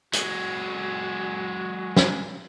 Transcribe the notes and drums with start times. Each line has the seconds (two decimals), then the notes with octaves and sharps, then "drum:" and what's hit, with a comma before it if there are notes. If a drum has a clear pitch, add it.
0.13 F#3 G#3 F#4, drum: hi-hat
1.96 drum: snare